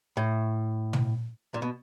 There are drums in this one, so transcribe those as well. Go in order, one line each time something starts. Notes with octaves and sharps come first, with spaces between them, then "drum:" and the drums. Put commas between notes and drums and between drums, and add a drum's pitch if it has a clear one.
A2
drum: tom
A#2
B2